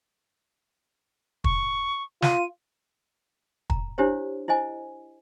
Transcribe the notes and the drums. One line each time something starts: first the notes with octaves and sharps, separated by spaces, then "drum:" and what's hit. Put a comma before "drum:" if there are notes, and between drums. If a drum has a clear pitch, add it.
C#6, drum: kick
F4 D#7, drum: snare
A#5, drum: kick
D4 E4 G4 C5 C#5
E4 C5 D#5 G#5